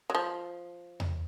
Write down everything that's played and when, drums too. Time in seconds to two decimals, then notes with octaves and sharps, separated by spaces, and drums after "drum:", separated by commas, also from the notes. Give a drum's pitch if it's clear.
0.10 F#3
0.15 F3
1.00 drum: tom E2